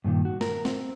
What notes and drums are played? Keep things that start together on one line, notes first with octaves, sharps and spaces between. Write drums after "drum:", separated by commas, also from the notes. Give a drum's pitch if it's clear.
G2 A#2 D#3
F#4
A#4, drum: snare
C4, drum: snare